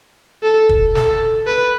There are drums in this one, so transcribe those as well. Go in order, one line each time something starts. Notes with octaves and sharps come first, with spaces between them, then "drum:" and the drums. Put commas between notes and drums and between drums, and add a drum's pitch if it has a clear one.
A4
drum: kick
A4, drum: snare
B4